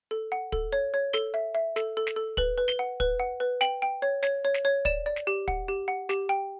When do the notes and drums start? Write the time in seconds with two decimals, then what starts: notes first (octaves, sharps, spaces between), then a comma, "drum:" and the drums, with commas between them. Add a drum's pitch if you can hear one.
0.11 A4
0.32 F#5
0.52 A4, drum: kick
0.72 C#5
0.94 C#5
1.13 A4 G7, drum: snare
1.34 E5
1.55 E5
1.76 A4, drum: snare
1.97 A4
2.07 drum: snare
2.16 A4
2.37 B4 F#7, drum: kick
2.58 B4
2.68 G7, drum: snare
2.79 F#5
3.00 B4, drum: kick
3.20 F#5
3.40 B4
3.61 G5 F#7, drum: snare
3.82 G5
4.02 C#5
4.23 C#5, drum: snare
4.45 C#5
4.54 drum: snare
4.65 C#5
4.85 D5 E7, drum: kick
5.06 D5
5.16 drum: snare
5.27 G4
5.48 F#5, drum: kick
5.68 G4
5.88 F#5
6.09 G4, drum: snare
6.29 G5